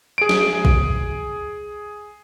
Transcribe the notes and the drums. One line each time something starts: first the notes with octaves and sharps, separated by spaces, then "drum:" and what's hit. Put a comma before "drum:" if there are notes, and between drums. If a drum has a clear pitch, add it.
G#4 D7
drum: snare
drum: kick A#1